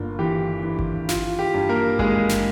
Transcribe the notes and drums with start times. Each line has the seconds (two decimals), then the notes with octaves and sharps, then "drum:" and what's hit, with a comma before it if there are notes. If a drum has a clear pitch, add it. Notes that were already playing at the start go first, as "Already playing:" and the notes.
Already playing: G1 A#3 F4
0.19 E3 G4
0.63 E3
0.79 drum: kick G#1
1.09 F4, drum: snare
1.39 G4
1.54 G2
1.69 A#3 A#4
1.99 G#3 A#3 G#4, drum: kick G#1
2.29 drum: snare